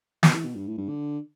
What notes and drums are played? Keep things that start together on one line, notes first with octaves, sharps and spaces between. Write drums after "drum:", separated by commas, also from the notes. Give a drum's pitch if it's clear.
B2, drum: snare
E3
B2
G2
A2
G2
D3